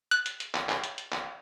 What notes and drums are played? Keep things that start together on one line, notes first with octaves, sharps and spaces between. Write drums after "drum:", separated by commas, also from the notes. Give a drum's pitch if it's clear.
F#6, drum: hi-hat
drum: hi-hat
drum: hi-hat
drum: clap
drum: clap
drum: hi-hat
drum: hi-hat
drum: clap